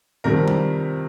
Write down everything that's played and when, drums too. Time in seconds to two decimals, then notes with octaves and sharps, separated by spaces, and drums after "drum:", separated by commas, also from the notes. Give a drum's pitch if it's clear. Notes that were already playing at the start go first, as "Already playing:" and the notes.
0.24 F2 C3 D#3 G3 A#4
0.48 drum: tom G3